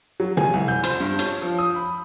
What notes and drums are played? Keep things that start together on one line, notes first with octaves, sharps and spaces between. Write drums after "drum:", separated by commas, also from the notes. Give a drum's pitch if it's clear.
F#3
G#5, drum: tom
C2
G6
C5, drum: hi-hat
G2
C#5, drum: hi-hat
F3
D#6
B5